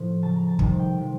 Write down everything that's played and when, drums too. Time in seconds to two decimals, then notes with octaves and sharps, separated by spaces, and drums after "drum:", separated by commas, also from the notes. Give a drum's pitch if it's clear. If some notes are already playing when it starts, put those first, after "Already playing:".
Already playing: A2 F3
0.22 C#3 F3 A5
0.35 A#5
0.48 A5
0.59 C3 D#3 G3 A5, drum: kick
0.79 G5
0.98 C3 F3